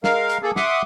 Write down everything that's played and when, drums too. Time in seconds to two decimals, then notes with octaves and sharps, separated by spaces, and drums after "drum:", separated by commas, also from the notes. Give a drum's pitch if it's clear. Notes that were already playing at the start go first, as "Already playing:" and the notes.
0.04 G#3 A#4 F5, drum: snare
0.29 drum: hi-hat
0.43 A#3 G#4 A4
0.56 E5 F#5 C6 D6 D#6, drum: snare